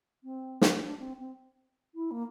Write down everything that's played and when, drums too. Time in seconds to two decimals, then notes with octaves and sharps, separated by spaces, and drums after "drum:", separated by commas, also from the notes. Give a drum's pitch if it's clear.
0.24 C4
0.61 drum: snare
0.81 D4
1.00 C4
1.19 C4
1.95 E4
2.11 A#3